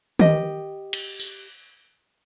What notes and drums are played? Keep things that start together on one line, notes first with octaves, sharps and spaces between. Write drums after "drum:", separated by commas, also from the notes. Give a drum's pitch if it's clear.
G4 D#5, drum: tom D#3
drum: cymbal
drum: tambourine